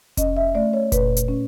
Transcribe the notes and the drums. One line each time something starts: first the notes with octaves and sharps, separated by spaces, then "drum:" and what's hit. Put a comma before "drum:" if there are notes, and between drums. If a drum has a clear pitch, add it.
C#4 D#5, drum: kick F1, hi-hat
E5
A3 D5
C#5
A#2 B4, drum: kick F1, hi-hat
drum: hi-hat
C#4